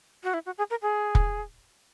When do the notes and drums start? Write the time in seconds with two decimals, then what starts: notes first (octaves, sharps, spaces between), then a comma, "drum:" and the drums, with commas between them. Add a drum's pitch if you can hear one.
0.23 F#4
0.34 E4
0.46 F#4
0.58 G#4
0.70 A#4
0.82 G#4
1.15 drum: kick